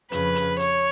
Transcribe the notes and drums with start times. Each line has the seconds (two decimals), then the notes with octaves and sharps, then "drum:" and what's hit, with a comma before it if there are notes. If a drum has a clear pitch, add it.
0.12 F2 C#3 B4, drum: hi-hat
0.35 drum: hi-hat
0.59 C#5, drum: hi-hat